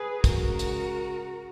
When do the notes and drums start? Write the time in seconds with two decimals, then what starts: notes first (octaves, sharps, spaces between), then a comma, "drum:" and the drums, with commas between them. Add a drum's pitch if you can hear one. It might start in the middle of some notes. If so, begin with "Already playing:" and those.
Already playing: G#4 B4
0.24 C#3 G#3 F#4 A#4, drum: kick, hi-hat
0.59 drum: hi-hat